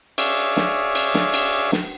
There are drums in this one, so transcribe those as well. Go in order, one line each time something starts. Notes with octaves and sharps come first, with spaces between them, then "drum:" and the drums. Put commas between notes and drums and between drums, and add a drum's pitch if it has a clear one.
G#4 C#5 D5 E5 F5, drum: cymbal
drum: snare
drum: cymbal
drum: snare
drum: cymbal
drum: snare